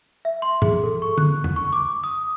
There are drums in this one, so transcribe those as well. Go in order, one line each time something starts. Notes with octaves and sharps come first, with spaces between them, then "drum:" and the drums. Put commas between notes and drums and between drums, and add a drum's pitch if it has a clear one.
E5
C6
G#4, drum: tom G2
A4
C#6
F#6, drum: tom D3
drum: tom
C#6
D6
D#6